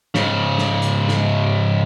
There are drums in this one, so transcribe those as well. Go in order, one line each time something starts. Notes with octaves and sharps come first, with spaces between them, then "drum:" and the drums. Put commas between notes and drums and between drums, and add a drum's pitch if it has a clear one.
G#2 C#3, drum: snare
drum: snare
drum: hi-hat
drum: snare